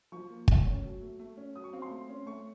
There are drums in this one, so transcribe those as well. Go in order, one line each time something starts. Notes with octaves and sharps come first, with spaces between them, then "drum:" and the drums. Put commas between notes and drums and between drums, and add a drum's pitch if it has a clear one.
F3 C#6
A#3
A3, drum: kick
C#4
F#3
A3
A3
C#4
F#3 D#6
C#6
C4 F5
C6
A3
C#4
A3 C#6